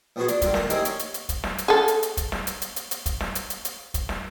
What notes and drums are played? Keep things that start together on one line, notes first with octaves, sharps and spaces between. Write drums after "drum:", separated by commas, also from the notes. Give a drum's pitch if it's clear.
A#1 F3 B3 F#4 G#4 C5
D4, drum: hi-hat
D3 G3 A#3 F4, drum: kick, hi-hat
A#3 A#4 A5, drum: snare
A#3 C4 D#4 E4 G4 G#4, drum: hi-hat
C#4, drum: hi-hat
drum: hi-hat
drum: hi-hat
drum: kick, hi-hat
drum: snare
drum: hi-hat
G#4 A4
drum: hi-hat
drum: hi-hat
drum: kick, hi-hat
drum: snare
drum: hi-hat
drum: hi-hat
drum: hi-hat
drum: hi-hat
drum: kick, hi-hat
drum: snare
drum: hi-hat
drum: hi-hat
drum: hi-hat
drum: kick, hi-hat
drum: snare